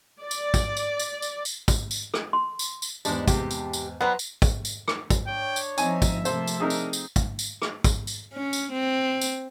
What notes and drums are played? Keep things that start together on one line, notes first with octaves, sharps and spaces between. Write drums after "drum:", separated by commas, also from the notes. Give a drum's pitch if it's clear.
D5
drum: tambourine
drum: kick, tambourine
drum: tambourine
drum: tambourine
drum: tambourine
drum: tambourine
drum: kick, tambourine
drum: tambourine
drum: rim click
C6
drum: tambourine
drum: tambourine
E2 G#2 G3 G#3 D4 A5, drum: tambourine
C3 G4, drum: kick, tambourine
drum: tambourine
drum: tambourine
F#3 G3 B3 B4 C5 F#5 A#5
drum: tambourine
drum: kick, tambourine
drum: tambourine
drum: rim click
drum: kick, tambourine
D4 C#5 G5
drum: tambourine
F3 C4 D#4 E5 G#5, drum: tambourine
drum: kick, tambourine
C3 F3 A3 A#3 A4 C5, drum: tambourine
drum: tambourine
C4 D4 D#4 G#4 A#4
drum: tambourine
drum: tambourine
drum: kick, tambourine
drum: tambourine
drum: rim click
drum: kick, tambourine
drum: tambourine
C#4
drum: tambourine
C4
drum: tambourine